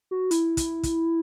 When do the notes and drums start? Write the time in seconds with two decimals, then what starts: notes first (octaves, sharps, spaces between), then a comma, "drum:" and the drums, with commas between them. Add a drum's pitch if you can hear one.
0.11 F#4
0.31 E4, drum: hi-hat
0.57 drum: kick, hi-hat
0.83 drum: kick, hi-hat